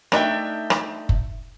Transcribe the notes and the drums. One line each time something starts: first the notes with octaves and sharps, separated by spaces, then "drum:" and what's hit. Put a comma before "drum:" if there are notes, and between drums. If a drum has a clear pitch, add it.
A3 D4 D#4 E5 G5, drum: rim click
drum: rim click
drum: kick F#1